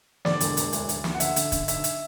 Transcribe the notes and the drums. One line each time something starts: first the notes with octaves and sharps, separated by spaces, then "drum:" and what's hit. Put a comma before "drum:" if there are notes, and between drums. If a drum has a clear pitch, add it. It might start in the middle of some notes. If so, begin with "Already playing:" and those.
D3 D5, drum: snare
E1, drum: hi-hat
E1, drum: hi-hat
D2, drum: hi-hat
D2, drum: hi-hat
D3, drum: snare
F#5
D3 E5, drum: hi-hat
D3, drum: hi-hat
D3, drum: kick, hi-hat
B1 E5, drum: hi-hat
drum: hi-hat